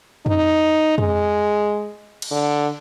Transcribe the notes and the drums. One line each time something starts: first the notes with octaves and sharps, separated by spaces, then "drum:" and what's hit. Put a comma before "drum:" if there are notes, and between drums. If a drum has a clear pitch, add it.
D#4, drum: tom F2
G#3, drum: tom F2
drum: cymbal
D3